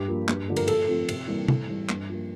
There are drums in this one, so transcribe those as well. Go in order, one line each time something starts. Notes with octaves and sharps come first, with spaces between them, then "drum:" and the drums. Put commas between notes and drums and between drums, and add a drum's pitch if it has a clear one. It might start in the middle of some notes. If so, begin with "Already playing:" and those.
Already playing: G2 G4
F3 A#3
G2, drum: clap
D3 F3 A3
A#4, drum: cymbal
A#2 A4, drum: cymbal
F3 A3 C4
C3, drum: cymbal
E3 G3 A#3
A2, drum: tom
E3 G3
G2, drum: clap
F3 A#3